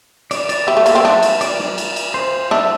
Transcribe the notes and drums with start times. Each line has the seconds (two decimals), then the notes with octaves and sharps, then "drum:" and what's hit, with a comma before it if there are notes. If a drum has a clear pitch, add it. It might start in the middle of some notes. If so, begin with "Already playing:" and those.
0.31 D5, drum: cymbal
0.49 D5, drum: cymbal
0.67 G3 E5
0.77 A3
0.86 A#3, drum: cymbal
0.95 C4
1.05 D4, drum: snare
1.23 drum: cymbal
1.41 D5, drum: cymbal
1.59 drum: snare
1.78 drum: cymbal
1.96 drum: cymbal
2.14 C5
2.51 D4 E5, drum: snare